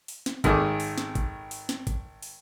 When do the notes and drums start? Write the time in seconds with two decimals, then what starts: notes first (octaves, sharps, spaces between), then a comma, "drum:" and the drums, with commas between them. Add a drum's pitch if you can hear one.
0.08 drum: open hi-hat
0.26 drum: snare
0.44 G#1 D#3 G#4 A4 D6, drum: kick G#1, hi-hat
0.80 drum: open hi-hat
0.98 drum: snare
1.15 drum: kick G#1, hi-hat
1.51 drum: open hi-hat
1.69 drum: snare
1.87 drum: kick G#1, hi-hat
2.22 drum: open hi-hat